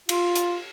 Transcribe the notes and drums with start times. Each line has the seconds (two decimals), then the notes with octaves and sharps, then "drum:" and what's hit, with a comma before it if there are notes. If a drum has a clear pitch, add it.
0.09 F4, drum: cymbal
0.36 drum: hi-hat